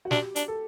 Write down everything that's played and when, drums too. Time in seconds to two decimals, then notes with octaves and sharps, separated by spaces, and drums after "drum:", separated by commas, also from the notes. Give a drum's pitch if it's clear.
0.05 F#4
0.11 D4 G4, drum: snare
0.36 D4, drum: hi-hat
0.48 A4